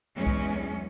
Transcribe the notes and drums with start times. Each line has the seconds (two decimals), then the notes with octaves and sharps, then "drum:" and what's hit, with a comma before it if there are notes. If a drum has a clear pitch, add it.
0.16 E2 F#3 G#3 C#4
0.27 drum: kick B1